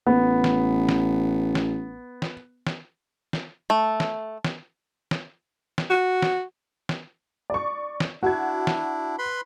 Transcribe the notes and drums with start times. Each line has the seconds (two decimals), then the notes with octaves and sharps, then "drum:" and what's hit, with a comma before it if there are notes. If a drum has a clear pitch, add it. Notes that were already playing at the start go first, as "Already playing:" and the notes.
0.07 A1 B3
0.44 drum: snare
0.89 drum: snare
1.55 drum: snare
2.22 drum: snare
2.67 drum: snare
3.33 drum: snare
3.70 A3
4.00 drum: snare
4.44 drum: snare
5.11 drum: snare
5.78 drum: snare
5.90 F#4
6.22 drum: snare
6.89 drum: snare
7.50 D5 C#6
8.00 drum: snare
8.23 D4 E4 F#4 G#6
8.67 drum: snare
9.19 B4 B5 C6